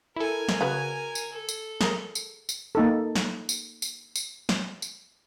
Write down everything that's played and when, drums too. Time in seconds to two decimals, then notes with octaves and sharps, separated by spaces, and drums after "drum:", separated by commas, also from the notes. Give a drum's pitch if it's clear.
0.16 E4 A4 A#4 G#5
0.49 drum: snare
0.61 C#3 F#4 B4 F5
1.15 drum: tambourine
1.32 A4
1.49 drum: tambourine
1.81 G#4 A#4, drum: snare
2.15 drum: tambourine
2.49 drum: tambourine
2.75 A#3 D#4 A4
3.15 drum: snare
3.49 drum: tambourine
3.82 drum: tambourine
4.16 drum: tambourine
4.49 drum: snare
4.82 drum: tambourine